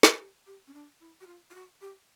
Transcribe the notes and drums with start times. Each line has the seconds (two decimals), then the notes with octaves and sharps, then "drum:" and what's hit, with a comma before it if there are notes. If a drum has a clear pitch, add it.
0.03 drum: snare
0.19 G4
0.47 G4
0.67 C#4
0.74 D4
1.01 E4
1.21 F#4
1.27 F4
1.50 F4
1.54 F#4
1.81 G4